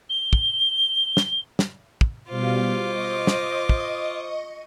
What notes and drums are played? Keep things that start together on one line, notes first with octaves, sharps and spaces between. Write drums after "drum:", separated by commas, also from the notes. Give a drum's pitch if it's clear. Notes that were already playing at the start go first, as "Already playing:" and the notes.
G7
drum: kick
drum: snare
drum: snare
drum: kick
B2 G3 F4 C5 F5 D6
D#5 C#6 D#6
drum: snare
drum: kick